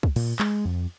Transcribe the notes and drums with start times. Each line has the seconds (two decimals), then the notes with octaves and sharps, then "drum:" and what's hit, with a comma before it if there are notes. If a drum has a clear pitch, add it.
0.03 drum: kick
0.16 A#2, drum: cymbal
0.39 G#3, drum: clap
0.65 F2